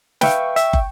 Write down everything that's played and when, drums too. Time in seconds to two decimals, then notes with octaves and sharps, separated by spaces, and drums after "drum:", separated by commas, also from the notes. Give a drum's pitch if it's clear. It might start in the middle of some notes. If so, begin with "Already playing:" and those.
0.21 B4 E5 F5 G5 C#6, drum: snare
0.56 E5, drum: hi-hat
0.73 drum: kick